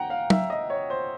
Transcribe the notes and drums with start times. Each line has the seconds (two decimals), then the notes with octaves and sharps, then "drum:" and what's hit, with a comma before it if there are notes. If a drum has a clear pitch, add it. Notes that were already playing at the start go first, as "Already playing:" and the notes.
Already playing: F#5 G5 A#5
0.10 F5
0.30 E5, drum: tom
0.50 D#5
0.70 C#5
0.90 C5